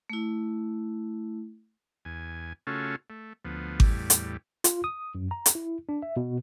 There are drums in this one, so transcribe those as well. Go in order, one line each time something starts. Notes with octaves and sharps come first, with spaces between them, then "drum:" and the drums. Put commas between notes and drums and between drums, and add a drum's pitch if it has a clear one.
A3 E4
E2 G#5
C#3 A3 C#4 F4 F#4 A4
A3
D2 F3 B3
E2 A2 G3, drum: kick G#1
drum: hi-hat
F4, drum: hi-hat
D#6
F#2
A#5
drum: hi-hat
E4
D4
E5
B2